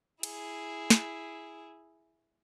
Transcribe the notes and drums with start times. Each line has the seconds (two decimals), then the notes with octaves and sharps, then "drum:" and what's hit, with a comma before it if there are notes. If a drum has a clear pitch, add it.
0.23 E4 G#4, drum: cymbal
0.90 drum: snare